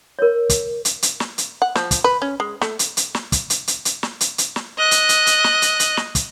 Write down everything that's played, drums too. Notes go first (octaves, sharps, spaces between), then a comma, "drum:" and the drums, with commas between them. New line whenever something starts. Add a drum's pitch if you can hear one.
A#4 C#5
drum: kick, hi-hat
drum: hi-hat
drum: hi-hat
drum: snare
drum: hi-hat
F#5
F3, drum: snare
drum: kick, hi-hat
B4
C#4
G#3
A3, drum: snare
drum: hi-hat
drum: hi-hat
drum: snare
drum: kick, hi-hat
drum: hi-hat
drum: hi-hat
drum: hi-hat
drum: snare
drum: hi-hat
drum: hi-hat
drum: snare
D#5 F#6
drum: hi-hat
drum: hi-hat
drum: hi-hat
drum: snare
drum: hi-hat
drum: hi-hat
drum: snare
drum: kick, hi-hat